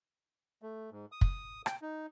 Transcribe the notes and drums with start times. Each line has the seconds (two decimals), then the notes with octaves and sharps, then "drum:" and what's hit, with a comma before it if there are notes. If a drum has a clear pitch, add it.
0.62 A3
0.91 G#2
1.12 D#6
1.21 drum: kick
1.66 G5, drum: rim click
1.82 D#4